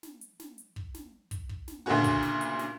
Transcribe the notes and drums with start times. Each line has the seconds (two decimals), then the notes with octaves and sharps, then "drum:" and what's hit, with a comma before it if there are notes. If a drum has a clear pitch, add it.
0.03 drum: snare
0.21 drum: hi-hat
0.40 drum: snare
0.58 drum: hi-hat
0.76 drum: kick
0.94 drum: snare
1.31 drum: kick, hi-hat
1.49 drum: kick
1.68 drum: snare
1.86 D2 A#2 C#3 A3 C#4 F#4
2.04 drum: kick, hi-hat
2.23 drum: snare
2.41 drum: hi-hat
2.59 drum: snare